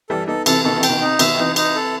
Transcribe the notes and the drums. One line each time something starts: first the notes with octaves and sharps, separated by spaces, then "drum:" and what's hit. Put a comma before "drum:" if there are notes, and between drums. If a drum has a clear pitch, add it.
E3 G3 A4
B3 D#4 A4
C3 E3 A4, drum: cymbal
B2 D#3 A4
C3 E3
G5, drum: cymbal
B2 D#3
C3 D#4
B2 D#3 E5, drum: cymbal
C3 E3 D#4
D#4, drum: cymbal
A4